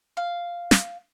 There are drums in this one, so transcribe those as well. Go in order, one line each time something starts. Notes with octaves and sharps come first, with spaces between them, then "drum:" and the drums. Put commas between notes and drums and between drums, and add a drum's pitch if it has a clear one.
F5
drum: snare